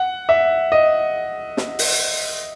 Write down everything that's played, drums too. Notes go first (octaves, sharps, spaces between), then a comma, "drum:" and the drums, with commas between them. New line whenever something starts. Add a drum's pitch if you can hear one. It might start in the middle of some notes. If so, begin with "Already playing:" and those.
Already playing: F#5
E5
D#5
drum: snare
drum: open hi-hat